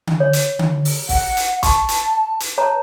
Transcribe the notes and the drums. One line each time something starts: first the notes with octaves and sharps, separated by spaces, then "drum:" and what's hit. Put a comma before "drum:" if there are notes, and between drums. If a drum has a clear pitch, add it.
drum: tom D3
C#5
drum: hi-hat
drum: tom D3
drum: open hi-hat
F#5, drum: kick, open hi-hat
drum: hi-hat
A5 C#6, drum: kick, hi-hat
drum: hi-hat
drum: hi-hat
B4 C#5 A5 A#5